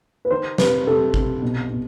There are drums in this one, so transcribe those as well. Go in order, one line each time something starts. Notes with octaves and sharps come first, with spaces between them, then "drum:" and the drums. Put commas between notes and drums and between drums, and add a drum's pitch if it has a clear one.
B4
D#3 C5
C3 B4, drum: snare
C3 A4
C3, drum: kick G#1
B2
B2